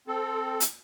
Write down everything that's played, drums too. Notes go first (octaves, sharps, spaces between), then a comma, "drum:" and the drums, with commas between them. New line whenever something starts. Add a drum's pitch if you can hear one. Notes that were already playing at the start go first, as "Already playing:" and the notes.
C4 A4
drum: hi-hat